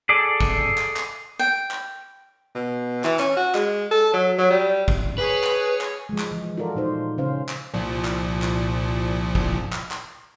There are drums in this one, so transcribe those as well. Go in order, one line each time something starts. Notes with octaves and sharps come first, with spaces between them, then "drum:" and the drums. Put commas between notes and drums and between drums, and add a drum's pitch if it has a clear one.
G#4 A4 D5
drum: kick
drum: clap
drum: clap
G5
drum: clap
B2
E3, drum: clap
C#4, drum: clap
F#4
G#3, drum: clap
A4
F#3
F#3
G3
drum: kick
G#4 B4 C#5
drum: clap
drum: clap
F3 G#3
drum: clap
E3 F3
F4 F#4 A4 A#4 D5
A#2 D#4 C5
C#3 C#4 C5 F5
drum: clap
C2 A#2 F3
drum: clap
drum: clap
drum: kick
drum: clap
drum: clap